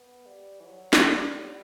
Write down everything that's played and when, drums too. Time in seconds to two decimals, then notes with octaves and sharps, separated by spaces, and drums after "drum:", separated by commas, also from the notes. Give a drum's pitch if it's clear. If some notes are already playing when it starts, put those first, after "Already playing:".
Already playing: B3
0.26 G3
0.61 E3
0.66 F#3
0.93 drum: snare
1.07 G3
1.41 F#3
1.46 G3